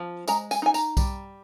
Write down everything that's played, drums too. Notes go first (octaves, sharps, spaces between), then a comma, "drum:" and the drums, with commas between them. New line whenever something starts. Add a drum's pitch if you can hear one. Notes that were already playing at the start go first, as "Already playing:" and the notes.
Already playing: F3 C4
G#3 A#5, drum: tambourine
G#5, drum: tambourine
D#4 G#5
A#5, drum: tambourine
G3, drum: kick B1, tambourine